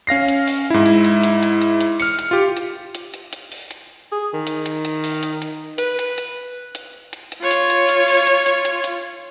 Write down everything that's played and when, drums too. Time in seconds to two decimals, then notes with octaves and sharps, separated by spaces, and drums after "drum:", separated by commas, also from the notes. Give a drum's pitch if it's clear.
0.07 C#4 F5 A#6 C7
0.28 drum: hi-hat
0.48 drum: open hi-hat
0.70 G#2 E4
0.86 drum: hi-hat
1.05 drum: hi-hat
1.24 drum: hi-hat
1.43 drum: hi-hat
1.62 drum: hi-hat
1.81 drum: hi-hat
2.00 F6 C#7, drum: open hi-hat
2.19 drum: hi-hat
2.31 F4 G4
2.57 drum: hi-hat
2.95 drum: hi-hat
3.14 drum: hi-hat
3.33 drum: hi-hat
3.52 drum: open hi-hat
3.71 drum: hi-hat
4.12 G#4
4.34 D#3
4.47 drum: hi-hat
4.66 drum: hi-hat
4.85 drum: hi-hat
5.04 drum: open hi-hat
5.23 drum: hi-hat
5.42 drum: hi-hat
5.78 B4, drum: hi-hat
5.99 drum: hi-hat
6.18 drum: hi-hat
6.75 drum: hi-hat
7.13 drum: hi-hat
7.32 drum: hi-hat
7.41 F4 C#5
7.51 drum: hi-hat
7.70 drum: hi-hat
7.89 drum: hi-hat
8.08 drum: open hi-hat
8.27 drum: hi-hat
8.46 drum: hi-hat
8.65 drum: hi-hat
8.84 drum: hi-hat